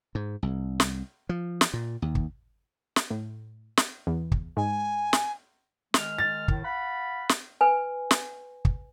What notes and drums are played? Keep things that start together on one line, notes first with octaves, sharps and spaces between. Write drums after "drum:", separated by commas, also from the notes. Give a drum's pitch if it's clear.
G#2
C2
drum: snare
F3
drum: snare
A#2
D#2
drum: kick
drum: snare
A2
drum: snare
E2
drum: kick
G#2 G#5
drum: snare
D#3 G#3 F6, drum: snare
A6
A2 D#3, drum: kick
F5 F#5 B5
drum: snare
B4 G#5
drum: snare
drum: kick